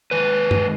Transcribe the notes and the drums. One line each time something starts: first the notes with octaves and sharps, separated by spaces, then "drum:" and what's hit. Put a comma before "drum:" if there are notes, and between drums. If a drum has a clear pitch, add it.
G#2 D#3 B4
drum: tom